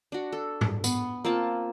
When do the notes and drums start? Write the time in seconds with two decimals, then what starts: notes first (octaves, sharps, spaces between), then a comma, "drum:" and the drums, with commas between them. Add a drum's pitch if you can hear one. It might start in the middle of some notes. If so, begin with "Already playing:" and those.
0.12 D4 F#4
0.32 A4
0.61 drum: tom G#2
0.84 B3, drum: tambourine
1.25 A#3 C4 F4 A5